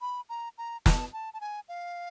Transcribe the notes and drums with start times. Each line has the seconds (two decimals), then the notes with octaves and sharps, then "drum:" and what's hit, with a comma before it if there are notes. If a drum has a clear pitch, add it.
0.01 B5
0.29 A#5
0.58 A#5
0.86 A5, drum: snare
1.13 A5
1.34 A5
1.41 G#5
1.68 F5